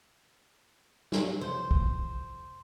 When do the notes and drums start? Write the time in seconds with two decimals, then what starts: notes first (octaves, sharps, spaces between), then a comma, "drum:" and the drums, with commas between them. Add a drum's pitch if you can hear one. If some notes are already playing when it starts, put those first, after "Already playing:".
1.12 drum: snare
1.41 C2 F2 C5 G6
1.71 drum: kick